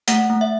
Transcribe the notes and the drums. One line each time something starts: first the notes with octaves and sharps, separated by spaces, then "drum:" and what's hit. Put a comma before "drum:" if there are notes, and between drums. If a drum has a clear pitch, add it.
A3 F#5, drum: hi-hat
A3
E5